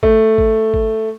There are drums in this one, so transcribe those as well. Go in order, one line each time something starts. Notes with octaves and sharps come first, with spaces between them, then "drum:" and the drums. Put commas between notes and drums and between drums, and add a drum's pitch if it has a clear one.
A3, drum: kick G#1
drum: kick G#1
drum: kick G#1